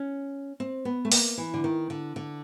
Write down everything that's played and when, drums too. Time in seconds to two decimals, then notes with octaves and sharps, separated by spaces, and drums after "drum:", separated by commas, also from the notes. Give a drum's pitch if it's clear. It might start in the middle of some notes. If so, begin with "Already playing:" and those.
Already playing: C#4
0.60 C4
0.85 B3
1.05 A3
1.12 A#3, drum: open hi-hat
1.38 E3
1.54 D3
1.64 D#3
1.90 D3
2.16 D3